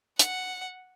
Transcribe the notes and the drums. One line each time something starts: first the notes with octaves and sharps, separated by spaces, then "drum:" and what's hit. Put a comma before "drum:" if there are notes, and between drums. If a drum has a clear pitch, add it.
F#5, drum: hi-hat